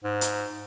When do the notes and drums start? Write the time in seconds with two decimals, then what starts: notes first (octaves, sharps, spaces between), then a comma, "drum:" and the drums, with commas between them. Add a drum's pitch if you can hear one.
0.04 G#2
0.21 drum: hi-hat